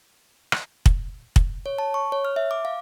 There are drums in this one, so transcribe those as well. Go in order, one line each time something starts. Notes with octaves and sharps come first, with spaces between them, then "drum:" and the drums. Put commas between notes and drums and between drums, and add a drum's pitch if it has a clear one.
drum: rim click
drum: kick
drum: kick
C#5
A5
C#6
C#5
F6
E5
D6
F5